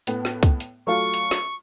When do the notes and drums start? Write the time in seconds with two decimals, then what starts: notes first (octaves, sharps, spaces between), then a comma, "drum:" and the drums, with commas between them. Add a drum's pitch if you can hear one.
0.07 A2 B3, drum: hi-hat
0.25 drum: snare
0.43 drum: kick, hi-hat
0.60 drum: hi-hat
0.87 F#3 A3 F4 C#6
1.14 drum: hi-hat
1.31 drum: snare